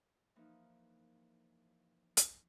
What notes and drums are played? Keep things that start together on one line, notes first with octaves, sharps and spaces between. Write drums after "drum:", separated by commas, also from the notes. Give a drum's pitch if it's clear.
E3 F3 A#3 D#4
drum: hi-hat